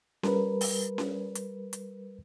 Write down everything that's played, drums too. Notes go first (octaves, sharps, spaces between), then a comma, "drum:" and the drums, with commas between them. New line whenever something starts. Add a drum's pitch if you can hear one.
G3 A#4 B4, drum: snare C#4
drum: open hi-hat
drum: snare C#4
drum: hi-hat
drum: hi-hat